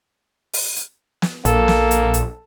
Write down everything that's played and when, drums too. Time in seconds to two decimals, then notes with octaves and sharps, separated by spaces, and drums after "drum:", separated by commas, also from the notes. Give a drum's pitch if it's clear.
0.53 drum: open hi-hat
0.76 drum: hi-hat
1.22 drum: snare
1.45 A#1 A#3 A4, drum: hi-hat
1.68 drum: snare
1.91 drum: hi-hat
2.14 drum: hi-hat